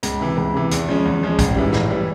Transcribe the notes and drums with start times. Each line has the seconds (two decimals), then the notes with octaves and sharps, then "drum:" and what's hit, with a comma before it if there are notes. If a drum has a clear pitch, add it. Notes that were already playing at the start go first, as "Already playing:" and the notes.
0.03 C#2, drum: hi-hat
0.20 C3 E3
0.37 C#2
0.54 C3 E3
0.71 E2, drum: hi-hat
0.88 C#3 F3 G#3 C#4
1.05 E2
1.22 C#3 F3 G#3 C#4
1.39 A1, drum: kick, hi-hat
1.56 G#2 E3 G3
1.73 A1, drum: snare
1.90 E3 G3